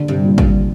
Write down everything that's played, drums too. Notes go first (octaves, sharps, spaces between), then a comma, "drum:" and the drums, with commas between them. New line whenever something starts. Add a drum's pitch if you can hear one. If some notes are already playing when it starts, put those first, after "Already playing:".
Already playing: D3
G2 C3
A#2
G2, drum: kick